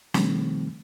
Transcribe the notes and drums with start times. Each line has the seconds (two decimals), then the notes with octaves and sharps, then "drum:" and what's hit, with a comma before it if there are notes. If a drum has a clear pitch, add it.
0.14 B2 D#3 F3 G3 A3 C4, drum: snare